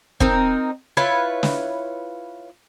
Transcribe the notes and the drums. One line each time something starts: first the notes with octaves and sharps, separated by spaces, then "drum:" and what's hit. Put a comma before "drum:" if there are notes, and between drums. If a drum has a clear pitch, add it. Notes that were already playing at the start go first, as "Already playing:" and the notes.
C4 D#4 A#4, drum: kick
E4 F4 B4 C#5
drum: snare